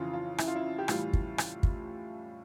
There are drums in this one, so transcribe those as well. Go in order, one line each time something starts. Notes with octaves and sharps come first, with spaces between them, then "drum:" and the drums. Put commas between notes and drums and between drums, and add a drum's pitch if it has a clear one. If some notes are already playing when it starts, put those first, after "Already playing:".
Already playing: F2 C#3 E3 F4
F4
E4, drum: rim click
F4
E4
G4
A2 E3 G3 F4, drum: rim click
drum: kick
drum: rim click
drum: kick